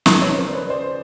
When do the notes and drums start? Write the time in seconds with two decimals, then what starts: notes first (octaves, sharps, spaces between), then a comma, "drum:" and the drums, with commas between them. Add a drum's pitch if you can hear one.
0.06 D#2 C#3 F3 G#3, drum: snare
0.21 B4 C#5
0.37 A#4 C5
0.48 D5
0.54 B4 C#5
0.69 C5 D5